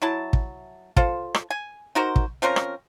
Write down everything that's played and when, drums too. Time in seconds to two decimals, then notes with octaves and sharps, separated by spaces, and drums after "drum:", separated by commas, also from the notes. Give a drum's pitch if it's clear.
0.02 F#3 E4 A5
0.33 drum: kick
0.96 F4 A4 C5, drum: kick
1.34 drum: rim click
1.51 G#5
1.95 D#4 F#4 A#4 C5
2.16 drum: kick
2.42 F3 C4 C#4 A#4
2.56 drum: rim click